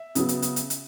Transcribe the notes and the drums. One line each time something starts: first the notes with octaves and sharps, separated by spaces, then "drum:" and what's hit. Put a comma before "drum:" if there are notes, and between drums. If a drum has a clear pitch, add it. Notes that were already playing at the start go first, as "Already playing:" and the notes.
Already playing: E5
C#3 F#3 B3, drum: hi-hat
drum: hi-hat
drum: hi-hat
drum: hi-hat
drum: hi-hat